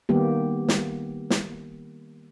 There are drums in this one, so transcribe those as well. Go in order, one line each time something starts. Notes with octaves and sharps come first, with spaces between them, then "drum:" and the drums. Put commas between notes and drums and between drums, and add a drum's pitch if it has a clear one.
D#3 G3 A#3 B3 G4
drum: snare
drum: snare